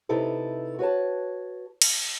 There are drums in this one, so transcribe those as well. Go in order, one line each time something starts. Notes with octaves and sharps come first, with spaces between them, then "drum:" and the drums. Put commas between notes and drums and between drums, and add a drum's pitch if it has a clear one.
C3 D#4 E4 A4 B4
F#4 B4 C#5 A5
drum: cymbal